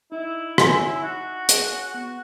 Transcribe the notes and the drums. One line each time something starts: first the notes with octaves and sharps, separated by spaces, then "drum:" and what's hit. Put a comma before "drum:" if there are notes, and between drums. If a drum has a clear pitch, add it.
D#4 E4
G#4 C#5 G#5, drum: rim click
D#4 F#4
G#4 C#5 G#5, drum: hi-hat
B3 F#4